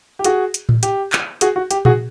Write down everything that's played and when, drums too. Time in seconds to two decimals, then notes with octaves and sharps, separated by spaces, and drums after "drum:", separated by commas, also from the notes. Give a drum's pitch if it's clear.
0.19 G4
0.24 F#4 G#4, drum: hi-hat
0.54 drum: hi-hat
0.69 drum: tom A2
0.83 G4, drum: hi-hat
1.12 drum: clap
1.41 F#4 G#4, drum: hi-hat
1.56 F#4
1.71 G4, drum: hi-hat
1.85 F#4 G#4, drum: tom A#2